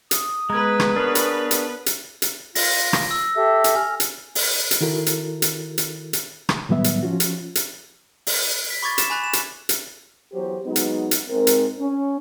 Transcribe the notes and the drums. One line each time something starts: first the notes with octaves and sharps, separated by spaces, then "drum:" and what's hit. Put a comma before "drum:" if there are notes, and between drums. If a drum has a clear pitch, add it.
D#6, drum: hi-hat
G#3 B3 B4 A#5 G#6
drum: rim click
D4 G#4 A#4 C#5
drum: hi-hat
drum: hi-hat
drum: hi-hat
drum: hi-hat
F4 A#6, drum: open hi-hat
drum: rim click
E6
G4 A4 E5
drum: hi-hat
G#5 F6
drum: hi-hat
drum: open hi-hat
drum: hi-hat
D#3 E4 F#4 A4 A#4
drum: hi-hat
drum: hi-hat
drum: hi-hat
drum: hi-hat
drum: rim click
A2 D#3 F#3 G3 B3 E5
drum: hi-hat
F3 C#4 F4 F#4
drum: hi-hat
drum: hi-hat
drum: open hi-hat
B6
B5 C#6 D6 G#6 A6
E7, drum: hi-hat
G#5 B5 F#6 A6
E7
drum: hi-hat
drum: hi-hat
E2 F#3 G4 C5
F#3 G#3 B3 D#4
drum: hi-hat
drum: hi-hat
G#2 C4 A#4
drum: hi-hat
C#4